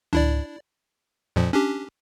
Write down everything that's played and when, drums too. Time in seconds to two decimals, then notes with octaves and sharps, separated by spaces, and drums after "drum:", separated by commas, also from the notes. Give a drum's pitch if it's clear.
0.13 D4 E4 D5, drum: tom C#2
1.36 F2 A#2 F3
1.53 C#4 D4 G4